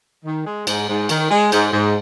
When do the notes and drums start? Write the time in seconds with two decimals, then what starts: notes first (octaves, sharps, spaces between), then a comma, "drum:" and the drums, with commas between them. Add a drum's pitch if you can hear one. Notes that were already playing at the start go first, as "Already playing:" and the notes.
0.25 D#3
0.46 G#3
0.67 G#2, drum: cymbal
0.88 G#2
1.09 D#3, drum: cymbal
1.31 G#3
1.52 G#2, drum: cymbal
1.73 G#2